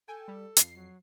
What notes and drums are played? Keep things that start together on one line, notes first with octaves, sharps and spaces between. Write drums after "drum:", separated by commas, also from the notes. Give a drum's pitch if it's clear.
A4 G5 G#5
G3
F2 C7, drum: hi-hat
F#3